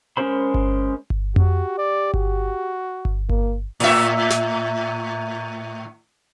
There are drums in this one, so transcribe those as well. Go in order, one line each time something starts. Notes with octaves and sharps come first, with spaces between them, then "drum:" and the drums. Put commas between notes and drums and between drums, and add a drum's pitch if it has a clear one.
G#3 C#4 A#4 C5 B5
drum: kick G1
drum: kick G1
F#4 G4, drum: tom F2
D5
F#4, drum: kick G1
drum: kick G1
A#3, drum: kick G1
A2 E5, drum: open hi-hat
drum: snare